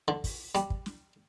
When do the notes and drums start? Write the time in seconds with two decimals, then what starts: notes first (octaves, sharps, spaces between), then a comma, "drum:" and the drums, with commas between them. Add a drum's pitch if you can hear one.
0.08 D3
0.24 drum: kick, open hi-hat
0.55 G3, drum: hi-hat
0.70 drum: kick
0.86 drum: snare